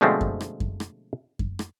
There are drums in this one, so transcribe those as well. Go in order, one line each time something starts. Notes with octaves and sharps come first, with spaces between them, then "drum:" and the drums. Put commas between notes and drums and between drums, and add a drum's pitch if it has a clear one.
B2 D3 F3 G#3 A3 C4
drum: kick F#2
drum: rim click
drum: kick F#2
drum: rim click
drum: kick F#2
drum: rim click